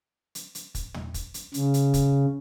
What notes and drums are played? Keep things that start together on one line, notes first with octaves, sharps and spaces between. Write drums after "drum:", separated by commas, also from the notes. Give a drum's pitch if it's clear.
drum: hi-hat
drum: hi-hat
drum: kick, hi-hat
drum: tom
drum: kick, hi-hat
drum: hi-hat
C#3, drum: hi-hat
drum: hi-hat
drum: kick, hi-hat